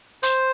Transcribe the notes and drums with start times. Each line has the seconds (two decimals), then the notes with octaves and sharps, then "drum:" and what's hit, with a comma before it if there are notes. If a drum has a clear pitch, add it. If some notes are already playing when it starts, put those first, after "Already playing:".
0.23 C5, drum: hi-hat